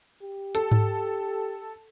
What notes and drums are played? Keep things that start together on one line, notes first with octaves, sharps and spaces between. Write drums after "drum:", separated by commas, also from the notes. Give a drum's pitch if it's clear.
G4
A4, drum: hi-hat
drum: tom G#2